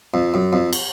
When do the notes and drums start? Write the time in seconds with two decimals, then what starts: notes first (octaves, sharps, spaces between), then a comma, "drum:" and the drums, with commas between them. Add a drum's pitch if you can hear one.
0.14 F2
0.34 F#2
0.53 F2
0.73 drum: cymbal